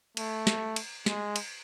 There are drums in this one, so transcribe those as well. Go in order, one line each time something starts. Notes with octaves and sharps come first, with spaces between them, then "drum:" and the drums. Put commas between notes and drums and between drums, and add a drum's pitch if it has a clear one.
A3, drum: cymbal
drum: snare
drum: cymbal
G#3, drum: snare
drum: cymbal